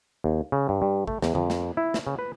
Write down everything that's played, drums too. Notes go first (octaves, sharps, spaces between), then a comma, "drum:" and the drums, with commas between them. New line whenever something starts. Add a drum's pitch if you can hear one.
D#2
C#3
G2
G2
A3, drum: kick
E2, drum: snare
F2, drum: tom D3
drum: snare
E4
drum: snare
C#3
B4